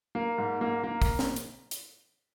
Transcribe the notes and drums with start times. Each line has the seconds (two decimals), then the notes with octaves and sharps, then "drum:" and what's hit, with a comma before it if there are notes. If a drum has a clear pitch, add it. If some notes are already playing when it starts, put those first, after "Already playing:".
0.15 A#3
0.38 G#2
0.61 A#3
0.84 A#3
1.02 drum: kick, open hi-hat
1.19 drum: snare
1.36 drum: hi-hat
1.71 drum: hi-hat